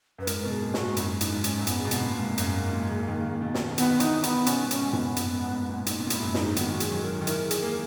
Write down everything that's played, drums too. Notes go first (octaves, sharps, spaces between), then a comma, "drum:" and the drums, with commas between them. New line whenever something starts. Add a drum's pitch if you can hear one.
F#2 B4
G#2 A#4, drum: hi-hat
B2 G#4
A#2
F#4, drum: snare
G#2
F#2 E4, drum: hi-hat
D#4, drum: hi-hat
G#2
C#4, drum: hi-hat
F#2
G#2 B3, drum: hi-hat
C#3
B2
B3, drum: hi-hat
B2
A#2
G#2 A#3
G#2
F#2, drum: hi-hat
G#2
A#2
C#3
D#3
C#3
B2
D#3, drum: snare
C#3
D#3 B3, drum: hi-hat
E3 D#4, drum: hi-hat
D#3 B3, drum: hi-hat
B2 C#4, drum: hi-hat
G#2
C#4, drum: hi-hat
G#2
B3, drum: tom F#2
A#2
G#2, drum: hi-hat
F#2
G#2
A#2
A#2 D#4, drum: hi-hat
B2
A#2
G#2 E4, drum: hi-hat
F#2
D#4, drum: snare
C#3
D#3 B3, drum: hi-hat
F#4
G#4, drum: hi-hat
F#3
A#4
D#3
E3 A#4, drum: hi-hat
G#3
G#4, drum: hi-hat
A#3